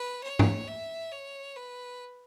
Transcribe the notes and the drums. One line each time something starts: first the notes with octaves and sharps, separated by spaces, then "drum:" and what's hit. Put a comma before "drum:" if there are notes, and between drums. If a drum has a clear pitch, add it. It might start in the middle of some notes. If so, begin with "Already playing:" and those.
Already playing: B4
C#5
drum: tom G#2
E5
C#5
B4